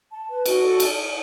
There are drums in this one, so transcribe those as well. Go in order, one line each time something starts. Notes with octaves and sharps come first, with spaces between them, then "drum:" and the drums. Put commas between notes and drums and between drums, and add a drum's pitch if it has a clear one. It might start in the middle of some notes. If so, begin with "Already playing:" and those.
A5
B4
F#4, drum: cymbal
A4
drum: cymbal